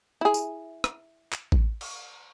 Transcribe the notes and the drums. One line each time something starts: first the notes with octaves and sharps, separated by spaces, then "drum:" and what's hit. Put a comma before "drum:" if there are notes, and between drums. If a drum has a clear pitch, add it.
E4 G#4
drum: tambourine
drum: rim click
drum: clap
drum: kick A1
drum: cymbal